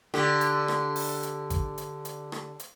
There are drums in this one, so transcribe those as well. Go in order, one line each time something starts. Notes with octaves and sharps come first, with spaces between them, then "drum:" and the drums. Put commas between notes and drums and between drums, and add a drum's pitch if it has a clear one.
D3 G4, drum: rim click
drum: hi-hat
drum: rim click
drum: open hi-hat
drum: hi-hat
drum: kick G#1, hi-hat
drum: hi-hat
drum: hi-hat
drum: rim click
drum: hi-hat